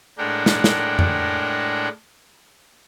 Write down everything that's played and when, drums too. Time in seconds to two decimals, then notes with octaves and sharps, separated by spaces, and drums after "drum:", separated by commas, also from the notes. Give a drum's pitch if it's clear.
0.18 A2 G#3 D4 A#4 F#5 G5
0.46 drum: snare
0.64 drum: snare
0.99 drum: tom F2